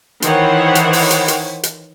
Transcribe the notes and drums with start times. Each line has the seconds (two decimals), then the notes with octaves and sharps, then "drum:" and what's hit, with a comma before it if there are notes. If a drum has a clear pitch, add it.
0.22 D#3 E3 C5 C#5 F#5, drum: hi-hat
0.75 drum: hi-hat
0.93 drum: open hi-hat
1.11 drum: hi-hat
1.28 drum: hi-hat
1.63 drum: hi-hat